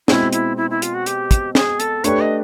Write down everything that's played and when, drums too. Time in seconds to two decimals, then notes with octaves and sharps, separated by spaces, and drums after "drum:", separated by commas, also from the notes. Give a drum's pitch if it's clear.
0.08 B2 G#3 C4 E4, drum: snare
0.33 E4, drum: hi-hat
0.57 E4
0.70 E4
0.82 F4, drum: hi-hat
0.94 F#4
1.06 G4, drum: hi-hat
1.31 drum: kick, hi-hat
1.55 G#4, drum: snare
1.80 A4, drum: hi-hat
2.04 A3 D4 G4 B4 C#5, drum: hi-hat
2.21 D#5